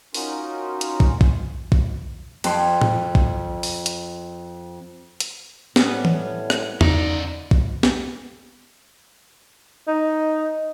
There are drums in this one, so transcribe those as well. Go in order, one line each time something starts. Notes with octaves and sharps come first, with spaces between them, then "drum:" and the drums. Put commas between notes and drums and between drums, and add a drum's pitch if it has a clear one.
C#4 D#4 F4 F#4 A#4, drum: open hi-hat
drum: hi-hat
drum: kick
drum: kick
drum: kick
F2 C6, drum: cymbal
drum: tom
drum: kick
drum: open hi-hat
drum: hi-hat
drum: hi-hat
A2 G3 B3 C#4, drum: snare
drum: tom E3
drum: rim click
C#3 D#4 D5, drum: tom E2
drum: kick
drum: snare
D#4